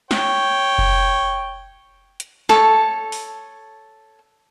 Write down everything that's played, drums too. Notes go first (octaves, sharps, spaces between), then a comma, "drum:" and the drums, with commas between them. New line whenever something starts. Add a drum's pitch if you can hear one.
C#5 G5, drum: snare
drum: kick F1
drum: hi-hat
A4 C#5, drum: snare
drum: open hi-hat